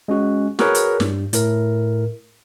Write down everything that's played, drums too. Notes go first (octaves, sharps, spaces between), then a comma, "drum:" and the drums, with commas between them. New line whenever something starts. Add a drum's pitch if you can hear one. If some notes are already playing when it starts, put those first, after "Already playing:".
G#3 C#4 F#4
F#4 G#4 A#4 B4 C#5, drum: snare
drum: hi-hat
G2, drum: snare
A2 A#4, drum: hi-hat